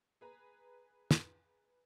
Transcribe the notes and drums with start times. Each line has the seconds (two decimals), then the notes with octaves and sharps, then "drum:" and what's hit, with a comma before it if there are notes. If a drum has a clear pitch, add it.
0.21 G#4 B4 A#5
1.11 drum: snare